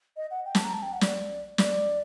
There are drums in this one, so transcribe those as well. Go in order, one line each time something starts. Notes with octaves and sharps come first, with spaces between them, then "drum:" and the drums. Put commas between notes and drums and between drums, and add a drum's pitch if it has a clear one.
D#5
F#5
G5
A5, drum: snare
A#5
A5
G5
F#5
D5, drum: snare
D5, drum: snare